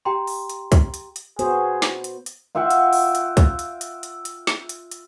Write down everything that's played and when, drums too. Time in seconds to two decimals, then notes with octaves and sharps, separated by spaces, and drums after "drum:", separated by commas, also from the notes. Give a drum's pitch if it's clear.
0.05 G4 G5 A#5 C6
0.27 drum: open hi-hat
0.50 drum: hi-hat
0.72 drum: kick, hi-hat
0.94 drum: hi-hat
1.16 drum: hi-hat
1.39 B3 F#4 G#4 C5, drum: hi-hat
1.82 drum: snare
2.04 drum: hi-hat
2.26 drum: hi-hat
2.55 F4 E5 F#5 G5
2.71 drum: hi-hat
2.93 drum: open hi-hat
3.15 drum: hi-hat
3.37 drum: kick, hi-hat
3.59 drum: hi-hat
3.81 drum: hi-hat
4.03 drum: hi-hat
4.25 drum: hi-hat
4.47 drum: snare
4.69 drum: hi-hat
4.92 drum: hi-hat